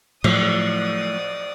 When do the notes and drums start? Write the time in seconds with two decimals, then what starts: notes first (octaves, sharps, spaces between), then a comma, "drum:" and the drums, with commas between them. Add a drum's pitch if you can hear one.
0.24 A2 F3 F#3 D5 D#6, drum: cymbal